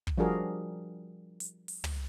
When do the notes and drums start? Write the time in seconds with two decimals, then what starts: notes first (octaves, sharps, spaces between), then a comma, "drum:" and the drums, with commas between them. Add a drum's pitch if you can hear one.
0.07 drum: kick
0.18 F3 G3 D4 F#4 G#4 A#4
1.40 drum: hi-hat
1.68 drum: open hi-hat
1.84 drum: tom